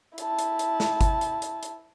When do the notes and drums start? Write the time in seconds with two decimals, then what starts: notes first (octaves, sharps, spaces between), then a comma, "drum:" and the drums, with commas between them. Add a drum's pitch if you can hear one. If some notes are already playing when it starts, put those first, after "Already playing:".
0.18 E4 A5, drum: hi-hat
0.39 drum: hi-hat
0.59 drum: hi-hat
0.80 drum: snare
1.01 drum: kick G1, hi-hat
1.21 drum: hi-hat
1.42 drum: hi-hat
1.63 drum: hi-hat